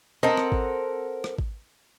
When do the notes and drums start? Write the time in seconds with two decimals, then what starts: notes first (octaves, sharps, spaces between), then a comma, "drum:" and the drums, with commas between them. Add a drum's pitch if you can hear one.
0.23 C4 A4 A#4 D#5 F#5
0.37 drum: rim click
0.52 drum: kick G#1
1.24 drum: rim click
1.39 drum: kick G#1